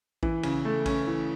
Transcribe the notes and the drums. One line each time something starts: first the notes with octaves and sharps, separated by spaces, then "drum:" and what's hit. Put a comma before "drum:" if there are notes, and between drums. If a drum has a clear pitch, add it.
E3, drum: kick A#1
C#3, drum: cymbal
A3
C#4, drum: kick A#1, cymbal
E3